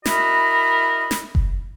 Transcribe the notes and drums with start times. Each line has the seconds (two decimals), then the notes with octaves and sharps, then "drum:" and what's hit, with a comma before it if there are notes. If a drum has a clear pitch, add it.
0.05 E4 F#4 A#4 D#5 B5, drum: snare
1.11 drum: snare
1.35 drum: kick F#1